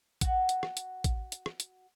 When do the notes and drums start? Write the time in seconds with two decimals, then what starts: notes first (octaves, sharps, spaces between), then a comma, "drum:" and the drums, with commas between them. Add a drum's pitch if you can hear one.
0.21 F#4 F#5, drum: kick, hi-hat
0.49 drum: hi-hat
0.63 drum: rim click
0.77 drum: hi-hat
1.04 drum: kick, hi-hat
1.32 drum: hi-hat
1.46 drum: rim click
1.60 drum: hi-hat